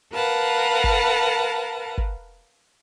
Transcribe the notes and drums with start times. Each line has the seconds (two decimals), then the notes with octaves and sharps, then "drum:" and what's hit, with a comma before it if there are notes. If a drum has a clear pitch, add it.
0.13 A#4 B4 F5 F#5 A5
0.84 drum: kick
1.98 drum: kick